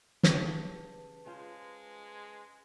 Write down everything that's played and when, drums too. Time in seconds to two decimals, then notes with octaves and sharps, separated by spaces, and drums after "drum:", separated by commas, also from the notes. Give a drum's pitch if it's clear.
0.23 C#3 G4 B4 A5, drum: snare
1.26 G#3 C#4 F4 C5